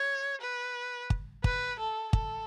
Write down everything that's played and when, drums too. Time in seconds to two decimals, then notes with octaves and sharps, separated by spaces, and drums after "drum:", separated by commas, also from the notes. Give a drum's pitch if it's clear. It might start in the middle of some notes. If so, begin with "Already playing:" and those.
Already playing: C#5
0.41 B4
1.10 drum: kick
1.44 B4, drum: kick
1.79 A4
2.13 A4, drum: kick